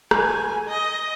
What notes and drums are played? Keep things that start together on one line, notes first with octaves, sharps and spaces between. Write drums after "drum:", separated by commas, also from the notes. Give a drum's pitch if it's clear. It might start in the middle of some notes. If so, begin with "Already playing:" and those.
G#5, drum: rim click
D#5